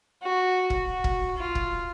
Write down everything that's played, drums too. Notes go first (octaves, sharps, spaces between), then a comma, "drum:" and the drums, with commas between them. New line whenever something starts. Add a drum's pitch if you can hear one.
F#4
drum: kick
F#4
drum: kick
F4
drum: kick